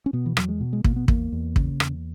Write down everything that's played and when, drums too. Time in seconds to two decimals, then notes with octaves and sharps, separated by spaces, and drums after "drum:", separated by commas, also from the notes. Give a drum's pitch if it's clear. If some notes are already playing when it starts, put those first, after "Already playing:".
0.06 C#4
0.13 B2 B3
0.26 E3
0.37 E2 F#3, drum: rim click
0.48 G#3
0.61 B2
0.73 G#3
0.84 B2 A#3, drum: kick
0.96 B3
1.08 E2 A#3, drum: kick
1.32 E2
1.56 C#3, drum: kick
1.80 E2, drum: rim click